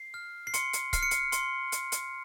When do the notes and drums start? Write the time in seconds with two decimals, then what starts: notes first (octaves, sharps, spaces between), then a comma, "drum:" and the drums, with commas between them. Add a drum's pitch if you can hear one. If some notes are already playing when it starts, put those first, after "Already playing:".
Already playing: C7
0.14 F6
0.47 C7
0.54 C6 C#7, drum: hi-hat
0.73 drum: hi-hat
0.93 F6 C7, drum: kick C#1, hi-hat
1.03 C#7
1.11 C7, drum: hi-hat
1.32 C6, drum: hi-hat
1.72 drum: hi-hat
1.92 drum: hi-hat